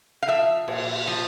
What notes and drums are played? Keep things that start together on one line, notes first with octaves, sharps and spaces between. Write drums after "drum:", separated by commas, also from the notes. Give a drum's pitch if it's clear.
F5
F3 E5
A#2, drum: cymbal
F3